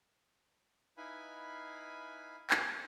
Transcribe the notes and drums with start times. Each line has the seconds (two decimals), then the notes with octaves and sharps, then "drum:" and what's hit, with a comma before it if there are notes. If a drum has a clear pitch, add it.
0.97 D#4 E4 B4 F5 G#5 B5
2.50 drum: clap